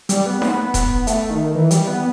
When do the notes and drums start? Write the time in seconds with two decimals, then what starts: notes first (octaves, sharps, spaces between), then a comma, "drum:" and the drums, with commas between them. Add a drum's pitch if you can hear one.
0.09 G3, drum: hi-hat
0.26 B3
0.42 B3, drum: snare D#4
0.74 drum: kick E1, hi-hat
1.07 A3, drum: hi-hat
1.30 D#3
1.55 E3
1.71 G3, drum: hi-hat
1.88 B3